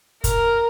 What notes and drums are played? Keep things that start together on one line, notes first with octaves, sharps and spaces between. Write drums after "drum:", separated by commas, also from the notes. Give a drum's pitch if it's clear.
A#4, drum: kick, hi-hat